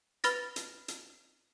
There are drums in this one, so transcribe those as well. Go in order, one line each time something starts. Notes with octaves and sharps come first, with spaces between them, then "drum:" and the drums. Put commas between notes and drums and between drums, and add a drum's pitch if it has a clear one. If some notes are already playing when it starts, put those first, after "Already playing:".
B4 B5 F6 A6 A#6, drum: hi-hat
drum: hi-hat
drum: hi-hat